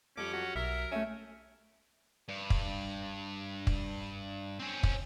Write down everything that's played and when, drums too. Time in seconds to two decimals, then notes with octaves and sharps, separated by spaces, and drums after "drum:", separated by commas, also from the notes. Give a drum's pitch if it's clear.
0.17 F2 G3 C#4 D6
0.33 F#3 F#4
0.56 B1 A#4 E5 E6
0.92 A3 C#4 E5
2.29 G2
2.50 drum: kick
3.67 drum: kick
4.59 C4 C#4
4.83 drum: kick